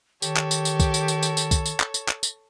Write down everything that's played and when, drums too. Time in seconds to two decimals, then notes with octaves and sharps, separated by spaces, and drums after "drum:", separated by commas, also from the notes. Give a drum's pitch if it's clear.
0.22 D#3 G4 A4 C#5, drum: tambourine
0.37 drum: clap
0.51 drum: tambourine
0.65 drum: tambourine
0.80 drum: kick B1, tambourine
0.94 drum: tambourine
1.08 drum: tambourine
1.23 drum: tambourine
1.37 drum: tambourine
1.51 drum: kick B1, tambourine
1.66 drum: tambourine
1.80 drum: clap
1.94 drum: tambourine
2.09 drum: clap
2.23 drum: tambourine